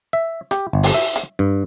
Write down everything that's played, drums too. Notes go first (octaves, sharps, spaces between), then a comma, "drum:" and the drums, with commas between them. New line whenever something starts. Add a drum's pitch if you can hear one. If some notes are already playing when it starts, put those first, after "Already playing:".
E5
G4, drum: hi-hat
G1
drum: open hi-hat
E5
drum: hi-hat
G2